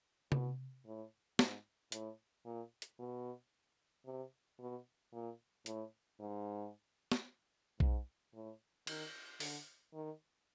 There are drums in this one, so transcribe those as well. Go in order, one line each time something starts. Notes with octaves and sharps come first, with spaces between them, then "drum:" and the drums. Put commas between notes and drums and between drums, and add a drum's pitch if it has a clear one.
B2, drum: tom C3
A2
G#2, drum: snare
A2, drum: hi-hat
A#2
drum: hi-hat
B2
C3
B2
A#2
A2, drum: hi-hat
G#2
drum: snare
G#2, drum: kick B1
A2
D#3, drum: cymbal
D3, drum: open hi-hat
D#3